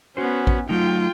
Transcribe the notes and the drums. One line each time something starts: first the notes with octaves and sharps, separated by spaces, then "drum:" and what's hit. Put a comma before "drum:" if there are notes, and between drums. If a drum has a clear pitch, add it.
B3 C#4 F#4 C5
drum: kick A1
F#3 A3 D#4 F4 G5